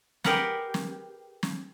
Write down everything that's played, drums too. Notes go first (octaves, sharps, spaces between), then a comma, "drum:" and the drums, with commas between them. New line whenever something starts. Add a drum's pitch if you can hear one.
G4 G#4 A#4 B4 F#5, drum: snare
drum: snare
drum: snare